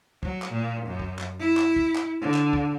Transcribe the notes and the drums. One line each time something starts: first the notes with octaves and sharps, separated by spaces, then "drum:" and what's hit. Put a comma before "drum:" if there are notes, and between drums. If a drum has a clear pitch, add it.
F#3, drum: kick
drum: clap
A#2
F#2
drum: kick
drum: clap
E4
drum: clap
drum: kick
drum: clap
D3
drum: clap
drum: kick